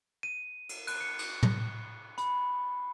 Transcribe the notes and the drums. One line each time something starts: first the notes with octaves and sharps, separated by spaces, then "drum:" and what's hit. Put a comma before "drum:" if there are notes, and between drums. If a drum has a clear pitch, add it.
D#7
drum: cymbal
F#6, drum: cymbal
C#7
drum: cymbal
drum: tom
B5, drum: hi-hat